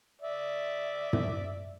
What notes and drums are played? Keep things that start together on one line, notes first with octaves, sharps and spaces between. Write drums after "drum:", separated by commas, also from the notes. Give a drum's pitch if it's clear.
D5 E5
drum: tom